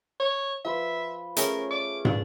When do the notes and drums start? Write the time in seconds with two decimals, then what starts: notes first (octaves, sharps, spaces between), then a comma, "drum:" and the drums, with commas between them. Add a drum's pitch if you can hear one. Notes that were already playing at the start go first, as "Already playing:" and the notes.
0.20 C#5
0.65 F3 B4 E5 C6
1.37 A3 C#4 G#4 A#4, drum: hi-hat
1.71 D6
2.05 D4, drum: tom